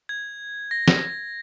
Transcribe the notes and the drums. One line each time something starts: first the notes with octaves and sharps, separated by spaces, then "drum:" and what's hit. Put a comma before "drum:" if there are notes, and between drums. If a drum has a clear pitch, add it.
G#6
A#6
drum: snare